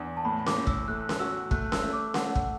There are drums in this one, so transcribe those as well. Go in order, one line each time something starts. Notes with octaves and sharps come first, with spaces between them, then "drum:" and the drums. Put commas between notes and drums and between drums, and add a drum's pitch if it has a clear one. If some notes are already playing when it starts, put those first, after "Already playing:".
Already playing: E2 D4
A5
A2 B5
D6, drum: snare C#4
A2
E6, drum: kick
A3 F#6
drum: snare C#4
F#4 E6
A3 F#6, drum: kick
E6, drum: snare C#4
A3
D6
A3 F#5, drum: snare C#4
drum: kick